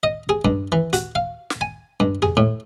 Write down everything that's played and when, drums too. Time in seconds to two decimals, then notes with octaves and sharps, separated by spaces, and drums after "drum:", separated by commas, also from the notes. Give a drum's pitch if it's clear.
0.03 D#5
0.29 G#4
0.45 G2, drum: kick
0.72 E3
0.93 F#4, drum: hi-hat
1.15 F5
1.50 drum: snare
1.61 G#5
2.00 G2
2.22 G#4, drum: tom E2
2.37 A2